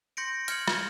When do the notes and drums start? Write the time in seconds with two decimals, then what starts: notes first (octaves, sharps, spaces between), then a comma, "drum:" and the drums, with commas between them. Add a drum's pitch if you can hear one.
0.17 C6 G6 A#6 C#7 D7
0.48 F6 G#6 C#7 F#7, drum: hi-hat
0.68 G#6, drum: rim click